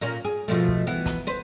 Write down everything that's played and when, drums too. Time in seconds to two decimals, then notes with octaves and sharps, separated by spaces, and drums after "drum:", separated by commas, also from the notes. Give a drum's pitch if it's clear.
0.01 A#2 A#3 C#4
0.25 G#4
0.48 B2 F3 A3
0.68 drum: kick
0.87 E3 B3
1.06 drum: kick, hi-hat
1.27 B4 C5